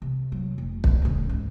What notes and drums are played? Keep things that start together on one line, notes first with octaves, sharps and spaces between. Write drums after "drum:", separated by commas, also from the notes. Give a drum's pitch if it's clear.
C3
F#3
F1
drum: kick
D1 C#3
G#2